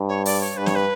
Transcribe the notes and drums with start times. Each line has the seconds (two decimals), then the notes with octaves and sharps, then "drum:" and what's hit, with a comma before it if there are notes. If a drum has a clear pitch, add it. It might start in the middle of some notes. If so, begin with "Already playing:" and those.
Already playing: G2
0.08 C#5
0.25 D5, drum: open hi-hat
0.41 C#5
0.57 G2 B4
0.66 C#5, drum: snare
0.75 B4